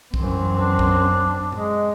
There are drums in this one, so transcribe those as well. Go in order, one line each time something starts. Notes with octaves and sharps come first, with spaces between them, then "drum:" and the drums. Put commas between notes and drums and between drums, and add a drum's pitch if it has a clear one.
F#2 E3 C4, drum: kick
D4
drum: kick
G#3, drum: tom A2